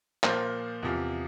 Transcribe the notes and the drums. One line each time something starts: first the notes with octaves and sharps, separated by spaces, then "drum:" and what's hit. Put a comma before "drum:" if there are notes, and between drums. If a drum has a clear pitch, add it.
A#2 F3 A#4 C5, drum: clap
E2 C3 F3